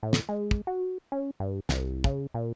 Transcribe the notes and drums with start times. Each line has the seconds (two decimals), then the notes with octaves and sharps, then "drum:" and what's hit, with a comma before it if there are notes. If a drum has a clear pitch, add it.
0.03 A2
0.13 drum: snare
0.29 G#3
0.51 drum: kick
0.67 F#4
1.12 C#4
1.40 G2
1.69 C2, drum: snare
2.04 C#3, drum: kick
2.34 A#2